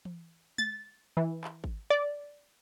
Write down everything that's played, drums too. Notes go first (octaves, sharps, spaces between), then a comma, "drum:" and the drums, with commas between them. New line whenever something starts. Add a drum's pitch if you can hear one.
drum: tom E3
A6, drum: tom G#3
E3
drum: clap
drum: kick
D5